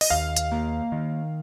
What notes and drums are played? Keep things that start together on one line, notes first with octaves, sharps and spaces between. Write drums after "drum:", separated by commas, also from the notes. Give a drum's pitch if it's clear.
D#5, drum: open hi-hat
D#2 F5
drum: hi-hat
A#3
D#3